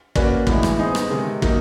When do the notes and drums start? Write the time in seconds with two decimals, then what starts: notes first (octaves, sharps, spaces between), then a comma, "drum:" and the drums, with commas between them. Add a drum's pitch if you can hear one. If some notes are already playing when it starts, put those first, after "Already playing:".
0.15 A#3 C#4 F#4 B4 D5, drum: kick
0.47 A2 E3 G#3, drum: kick
0.63 drum: rim click
0.79 B3 D#4 G#4 C5
0.95 drum: rim click
1.10 C3 D#3 G#3
1.42 F#3 A#3 D#4, drum: kick